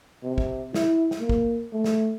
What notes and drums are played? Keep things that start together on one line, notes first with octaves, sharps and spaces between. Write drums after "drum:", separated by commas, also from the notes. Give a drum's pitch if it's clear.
C3
drum: kick
E4, drum: snare
drum: snare
A#3
drum: kick
A3
drum: snare